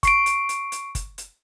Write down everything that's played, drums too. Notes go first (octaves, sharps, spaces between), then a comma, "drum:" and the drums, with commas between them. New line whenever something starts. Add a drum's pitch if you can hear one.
C#6 C7 D7, drum: kick, hi-hat
drum: hi-hat
drum: hi-hat
drum: hi-hat
drum: kick, hi-hat
drum: hi-hat